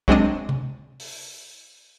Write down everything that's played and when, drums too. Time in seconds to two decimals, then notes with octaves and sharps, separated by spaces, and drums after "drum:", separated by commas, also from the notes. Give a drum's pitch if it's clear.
0.08 F#3 G#3 C4 D4 D#5, drum: kick
0.49 drum: tom C3
1.00 drum: open hi-hat